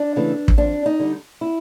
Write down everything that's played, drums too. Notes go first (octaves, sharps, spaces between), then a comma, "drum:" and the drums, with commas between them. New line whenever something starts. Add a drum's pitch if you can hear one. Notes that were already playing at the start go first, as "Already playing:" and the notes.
Already playing: D4
C#3 E3 A3
drum: kick
F2 D4
D#4
D3 G3
E4